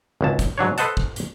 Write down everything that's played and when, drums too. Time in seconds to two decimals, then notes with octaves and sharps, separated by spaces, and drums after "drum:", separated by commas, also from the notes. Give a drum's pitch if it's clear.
0.21 G#1 C#2 A5
0.39 drum: kick, hi-hat
0.58 G#2 F#3 D4 C#5
0.78 A4 B4 C5 D#5 F#5 A5, drum: hi-hat
0.97 drum: kick
1.16 drum: hi-hat